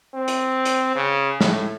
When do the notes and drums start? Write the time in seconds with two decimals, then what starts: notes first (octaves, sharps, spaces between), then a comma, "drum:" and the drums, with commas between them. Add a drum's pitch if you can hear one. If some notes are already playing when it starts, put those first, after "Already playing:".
0.14 C4
0.28 drum: hi-hat
0.65 drum: hi-hat
0.95 C#3
1.41 A2, drum: snare